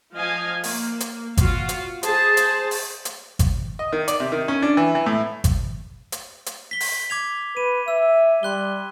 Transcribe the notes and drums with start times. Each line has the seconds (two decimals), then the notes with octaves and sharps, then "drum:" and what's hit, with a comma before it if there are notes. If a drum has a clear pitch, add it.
0.16 F3 D#5 F5 G#5
0.64 A#3, drum: open hi-hat
1.00 drum: hi-hat
1.37 F4 F#4 F5, drum: kick G#1, hi-hat
1.69 drum: hi-hat
2.03 G#4 C5 A5, drum: hi-hat
2.37 drum: hi-hat
2.71 drum: open hi-hat
3.05 drum: hi-hat
3.39 drum: kick G#1, hi-hat
3.79 D#5
3.93 D#3
4.08 D5, drum: hi-hat
4.20 C3
4.32 D#3
4.48 C#4
4.62 D4
4.77 E3
4.95 E3
5.06 A2
5.44 drum: kick G#1, hi-hat
6.12 drum: hi-hat
6.46 drum: hi-hat
6.71 B6 G7
6.80 drum: open hi-hat
7.10 D6 G#6 F7
7.57 B4 D#7
7.88 E5 E6
8.43 G3 C6 F#6 G7